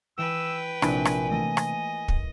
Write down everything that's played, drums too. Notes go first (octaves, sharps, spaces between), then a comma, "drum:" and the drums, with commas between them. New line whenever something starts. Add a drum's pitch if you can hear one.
E3 B4 G5 G#5 E6
A#1 C3 D4 E4 E5 G#5 B5, drum: rim click
drum: rim click
E3 A3 A#3 D#5
drum: rim click
drum: kick